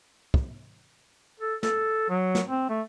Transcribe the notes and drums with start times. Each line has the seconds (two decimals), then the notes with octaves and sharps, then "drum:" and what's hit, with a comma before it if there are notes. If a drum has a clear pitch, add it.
0.34 drum: kick
1.40 A4
1.63 A4, drum: snare
2.09 F#3
2.35 drum: snare
2.47 C4
2.69 A3